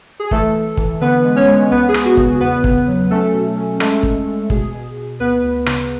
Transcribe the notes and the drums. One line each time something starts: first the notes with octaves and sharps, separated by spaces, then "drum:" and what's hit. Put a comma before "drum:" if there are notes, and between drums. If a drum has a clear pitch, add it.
G#4
E3 A3 A4, drum: kick
A3
E3, drum: kick
D3 B3 B4
G#3
C#4 C#5
G#3
C#2 B3 B4
G#4
C#2, drum: rim click
F#4
C#3, drum: kick
E2 B3 B4
C#3, drum: kick
F#3
A3 C#4 A4
B2
C#4
G#3 A3 A4, drum: rim click
G#3, drum: kick
G#3
B2 G#4, drum: kick
B2
B2
D2 B3 B4
D2
C#3, drum: rim click